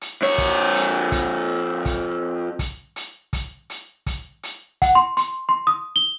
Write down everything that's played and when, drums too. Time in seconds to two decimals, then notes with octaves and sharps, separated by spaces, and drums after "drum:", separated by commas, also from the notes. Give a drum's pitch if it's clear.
0.01 drum: hi-hat
0.22 F2 C#5
0.38 drum: kick, hi-hat
0.75 drum: hi-hat
1.12 drum: kick, hi-hat
1.86 drum: kick, hi-hat
2.59 drum: kick, hi-hat
2.96 drum: hi-hat
3.33 drum: kick, hi-hat
3.70 drum: hi-hat
4.06 drum: kick, hi-hat
4.43 drum: hi-hat
4.82 F#5, drum: kick, hi-hat
4.95 C6
5.17 C6, drum: hi-hat
5.49 C6
5.67 D#6
5.96 G7